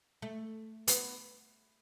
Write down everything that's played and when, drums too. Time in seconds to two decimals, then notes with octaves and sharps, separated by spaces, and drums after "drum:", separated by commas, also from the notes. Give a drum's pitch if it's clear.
0.22 A3
0.87 B3, drum: hi-hat